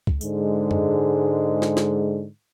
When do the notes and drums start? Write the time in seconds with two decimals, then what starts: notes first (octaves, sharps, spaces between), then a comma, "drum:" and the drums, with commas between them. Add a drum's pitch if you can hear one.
0.07 drum: kick
0.21 G#2 D3 G#3, drum: tambourine
0.71 drum: tom F#2
1.62 drum: snare
1.77 drum: snare